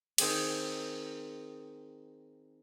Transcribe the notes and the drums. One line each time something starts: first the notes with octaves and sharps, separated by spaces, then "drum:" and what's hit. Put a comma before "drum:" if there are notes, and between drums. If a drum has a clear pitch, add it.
D#3 C4 G#4 D#5, drum: cymbal